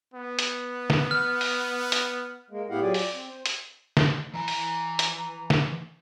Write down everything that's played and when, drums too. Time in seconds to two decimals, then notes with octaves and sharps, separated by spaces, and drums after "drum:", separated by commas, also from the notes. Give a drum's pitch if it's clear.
0.14 B3
0.39 drum: hi-hat
0.90 drum: snare
1.11 F6
1.41 drum: open hi-hat
1.92 drum: hi-hat
2.51 G#3 A#3
2.70 A2 B3 E4 G4 F5 F#5
2.81 F#3 F4 G4 G#4 D5
2.94 D5, drum: open hi-hat
3.14 C4
3.28 C5
3.46 drum: hi-hat
3.97 drum: snare
4.33 E3 D#5 G#5 A#5
4.48 drum: open hi-hat
4.99 drum: hi-hat
5.50 drum: snare